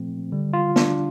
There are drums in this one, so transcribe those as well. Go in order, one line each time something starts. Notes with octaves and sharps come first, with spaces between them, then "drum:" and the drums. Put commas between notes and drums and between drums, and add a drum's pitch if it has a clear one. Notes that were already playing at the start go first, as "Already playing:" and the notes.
Already playing: A#2 F3 A3 C4
D3 G3
F4
D4, drum: snare